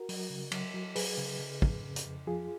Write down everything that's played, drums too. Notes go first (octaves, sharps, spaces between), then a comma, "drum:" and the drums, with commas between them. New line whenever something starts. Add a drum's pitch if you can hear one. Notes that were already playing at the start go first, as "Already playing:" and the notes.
Already playing: F#4 A#4
F#3, drum: open hi-hat
C#3
F#3, drum: cymbal
F#3
F#3 G#4 B4, drum: open hi-hat
C#3
C#3
F2, drum: kick
C#3
drum: hi-hat
F2
F3 F4 G#4